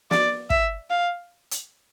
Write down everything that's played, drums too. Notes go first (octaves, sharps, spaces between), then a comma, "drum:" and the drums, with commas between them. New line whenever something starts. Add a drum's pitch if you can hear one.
D5, drum: snare
E5, drum: kick
F5
drum: hi-hat